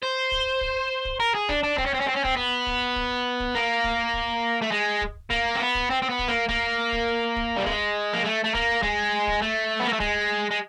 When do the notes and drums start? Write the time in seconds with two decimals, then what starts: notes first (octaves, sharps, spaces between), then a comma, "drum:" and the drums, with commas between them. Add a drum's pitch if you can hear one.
0.03 C5
0.32 drum: kick
0.61 drum: kick
1.05 drum: kick
1.20 A#4
1.35 G#4
1.49 D4, drum: kick
1.63 D4
1.78 C4, drum: kick
1.86 C#4
1.94 C4
2.01 C#4
2.09 C4
2.16 C#4
2.25 C4, drum: kick
2.37 B3
2.67 drum: kick
2.96 drum: kick
3.40 drum: kick
3.55 A#3
3.84 drum: kick
4.13 drum: kick
4.62 A3
4.72 G#3
5.02 drum: kick
5.31 A#3, drum: kick
5.55 C4
5.60 B3
5.75 drum: kick
5.90 C4
6.02 C4
6.09 B3
6.19 drum: kick
6.28 A#3
6.49 A#3, drum: kick
6.92 drum: kick
7.36 drum: kick
7.57 G3
7.66 G#3, drum: kick
8.13 A#3
8.24 A3
8.44 A3
8.54 A#3, drum: kick
8.83 G#3, drum: kick
9.27 drum: kick
9.42 A3
9.80 B3
9.87 A#3
9.93 A3
10.00 G#3, drum: kick
10.51 G#3